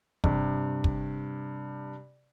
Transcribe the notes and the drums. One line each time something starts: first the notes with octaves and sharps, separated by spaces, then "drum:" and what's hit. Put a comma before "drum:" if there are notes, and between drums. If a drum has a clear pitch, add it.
G2 C3, drum: kick
drum: kick